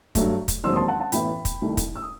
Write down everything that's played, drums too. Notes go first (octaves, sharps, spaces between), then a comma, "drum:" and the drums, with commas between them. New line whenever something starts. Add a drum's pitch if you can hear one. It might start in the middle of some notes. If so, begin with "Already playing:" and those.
G2 F#3 A3, drum: kick, hi-hat
drum: kick, hi-hat
E1 D#2 D#3 F#3 C4 C6 E6
D#6
A5 C6
F#5 A5
F#5 A5
A1 A2 E3 B3 G5 B5, drum: hi-hat
drum: kick, hi-hat
C2 C3 D#3 A3
drum: kick, hi-hat
E6
D#6